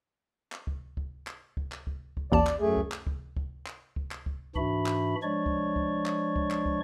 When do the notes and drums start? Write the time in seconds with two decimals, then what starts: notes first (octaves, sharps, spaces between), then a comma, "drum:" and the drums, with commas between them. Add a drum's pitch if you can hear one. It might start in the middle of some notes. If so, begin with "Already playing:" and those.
0.52 drum: clap
0.67 drum: kick
0.97 drum: kick
1.27 drum: clap
1.57 drum: kick
1.72 drum: clap
1.87 drum: kick
2.17 drum: kick
2.32 A1 D#2 D5 A5
2.47 drum: clap
2.60 F#2 A3 G#4
2.77 drum: kick
2.92 drum: clap
3.07 drum: kick
3.37 drum: kick
3.66 drum: clap
3.96 drum: kick
4.11 drum: clap
4.26 drum: kick
4.56 G#2 E3 D4 F#4 E5 B5, drum: kick
4.86 drum: clap
5.23 F3 G#3 D4 C#5 D5 C#6
5.46 drum: kick
5.76 drum: kick
6.06 drum: clap
6.36 drum: kick
6.51 drum: clap
6.66 drum: kick